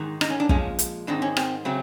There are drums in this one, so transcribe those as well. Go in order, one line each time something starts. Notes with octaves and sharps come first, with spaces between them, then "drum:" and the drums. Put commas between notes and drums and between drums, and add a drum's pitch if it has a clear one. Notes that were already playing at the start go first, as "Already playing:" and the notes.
Already playing: G#2 D#3 G#3
D#4, drum: rim click
C#4
D4
A#2 F3 G#3 C#4, drum: kick
drum: hi-hat
G#2 D#3 G#3 C4 D4
C#4
C4, drum: rim click
C#3 F#3 A3 C4